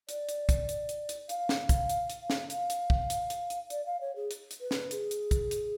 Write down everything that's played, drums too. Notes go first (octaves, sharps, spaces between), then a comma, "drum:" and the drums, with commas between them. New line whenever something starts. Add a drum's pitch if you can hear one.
D5, drum: hi-hat
drum: hi-hat
drum: kick, hi-hat
drum: hi-hat
drum: hi-hat
drum: hi-hat
F5, drum: hi-hat
drum: snare
drum: kick, hi-hat
drum: hi-hat
drum: hi-hat
drum: snare
F5, drum: hi-hat
drum: hi-hat
drum: kick
drum: hi-hat
drum: hi-hat
drum: hi-hat
D5, drum: hi-hat
F5
C#5
G#4
drum: hi-hat
drum: hi-hat
B4
drum: snare
G#4, drum: hi-hat
drum: hi-hat
drum: kick, hi-hat
drum: hi-hat